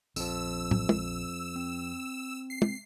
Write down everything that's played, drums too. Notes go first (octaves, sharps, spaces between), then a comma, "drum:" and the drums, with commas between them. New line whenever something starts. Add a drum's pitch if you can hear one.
A#1 F2 F3 E6, drum: tambourine
drum: tom
drum: tom
C4
C7
drum: tom